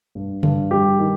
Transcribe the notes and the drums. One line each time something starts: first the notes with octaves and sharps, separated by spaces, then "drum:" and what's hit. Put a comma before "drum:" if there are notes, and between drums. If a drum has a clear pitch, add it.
G2
G2, drum: tom C#3
G3 G4
D#3